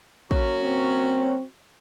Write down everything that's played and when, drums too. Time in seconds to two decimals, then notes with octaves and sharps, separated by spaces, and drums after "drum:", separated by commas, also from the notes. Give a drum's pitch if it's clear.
0.31 F#3 A#3 C#4 F#4, drum: kick
0.63 C4